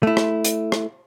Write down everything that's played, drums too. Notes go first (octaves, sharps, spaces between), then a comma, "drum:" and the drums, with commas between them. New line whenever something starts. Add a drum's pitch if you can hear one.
A3 E4
drum: rim click
drum: hi-hat
drum: rim click